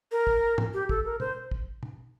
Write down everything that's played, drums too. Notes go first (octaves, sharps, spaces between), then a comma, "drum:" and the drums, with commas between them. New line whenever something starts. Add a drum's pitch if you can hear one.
A#4
drum: kick
drum: tom G#2
G4
A4, drum: kick
A#4
C5, drum: tom
drum: kick
drum: tom